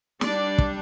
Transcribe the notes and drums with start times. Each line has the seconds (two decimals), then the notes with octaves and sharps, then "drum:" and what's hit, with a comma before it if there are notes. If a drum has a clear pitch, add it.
0.21 G3 D4 D5, drum: snare
0.58 drum: kick